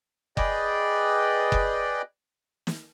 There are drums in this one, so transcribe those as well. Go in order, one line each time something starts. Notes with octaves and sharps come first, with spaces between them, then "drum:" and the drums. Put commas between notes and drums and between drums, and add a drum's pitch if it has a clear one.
G#4 B4 D5 D#5 G5, drum: kick F#1
drum: kick F#1
drum: snare